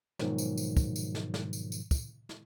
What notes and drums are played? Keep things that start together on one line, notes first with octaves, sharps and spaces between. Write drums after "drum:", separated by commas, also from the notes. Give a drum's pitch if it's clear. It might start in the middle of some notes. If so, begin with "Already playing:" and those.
G#2 B2 D#3 F3 F#3, drum: snare
drum: tambourine
drum: tambourine
drum: kick, tambourine
drum: tambourine
drum: snare
drum: snare
drum: tambourine
drum: tambourine
drum: kick, tambourine
drum: snare